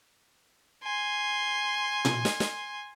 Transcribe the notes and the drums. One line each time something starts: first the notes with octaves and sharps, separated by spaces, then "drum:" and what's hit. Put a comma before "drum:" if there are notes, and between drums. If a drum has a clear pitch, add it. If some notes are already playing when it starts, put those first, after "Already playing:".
G#5 C6
drum: tom A#2
drum: snare
drum: snare